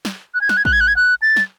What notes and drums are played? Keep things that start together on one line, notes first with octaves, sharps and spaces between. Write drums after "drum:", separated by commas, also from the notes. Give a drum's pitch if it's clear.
drum: snare
F#6
G#6
F#6, drum: snare
G#6
F#6, drum: kick
G#6
F#6
G#6
F#6
A6
drum: snare